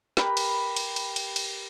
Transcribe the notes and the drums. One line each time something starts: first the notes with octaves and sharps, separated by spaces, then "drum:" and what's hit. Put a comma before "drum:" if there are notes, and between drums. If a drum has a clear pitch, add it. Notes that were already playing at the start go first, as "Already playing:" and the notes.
G4 A#4 B4 B5, drum: snare
drum: cymbal
drum: cymbal
drum: cymbal
drum: cymbal
drum: cymbal